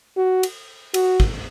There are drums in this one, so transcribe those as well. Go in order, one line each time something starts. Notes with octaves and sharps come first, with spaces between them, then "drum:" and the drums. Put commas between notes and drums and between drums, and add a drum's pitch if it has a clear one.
F#4
drum: cymbal
F#4, drum: cymbal
drum: kick